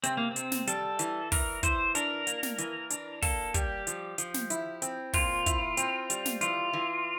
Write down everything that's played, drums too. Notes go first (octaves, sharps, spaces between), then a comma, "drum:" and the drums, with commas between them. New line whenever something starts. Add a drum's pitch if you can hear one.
C3 C4, drum: hi-hat
A#3
C4
C3, drum: hi-hat
drum: snare
G3 A4, drum: hi-hat
E3, drum: hi-hat
E3 A#4, drum: kick, open hi-hat
E3 C5, drum: kick, hi-hat
D4 A#4, drum: hi-hat
A#3, drum: hi-hat
drum: snare
E3, drum: hi-hat
D4, drum: hi-hat
A#3 A4, drum: kick, open hi-hat
G3 G4, drum: kick, hi-hat
F3, drum: hi-hat
F3, drum: hi-hat
drum: snare
E4, drum: hi-hat
C4, drum: hi-hat
A#2 F4, drum: kick, open hi-hat
E4, drum: kick, hi-hat
C4, drum: hi-hat
G3, drum: hi-hat
drum: snare
E3 F4, drum: hi-hat
E3